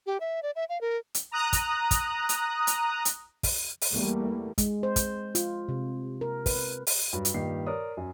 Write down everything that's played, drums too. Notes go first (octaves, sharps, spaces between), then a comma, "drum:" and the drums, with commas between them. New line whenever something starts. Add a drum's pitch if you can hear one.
G4
E5
D5
E5
F5
A#4
drum: hi-hat
A#5 D#6 F#6
drum: kick, hi-hat
drum: kick, hi-hat
drum: hi-hat
drum: hi-hat
drum: hi-hat
drum: kick, open hi-hat
drum: open hi-hat
E2 G3 A3 A#3
G#3, drum: kick, hi-hat
C5
drum: kick, hi-hat
F4, drum: hi-hat
C3
A#4
B4, drum: kick, open hi-hat
drum: open hi-hat
G2 F#3
drum: hi-hat
G2 A#2 D#3 G4 C7
A#4 C#5 D5 D#6
F#2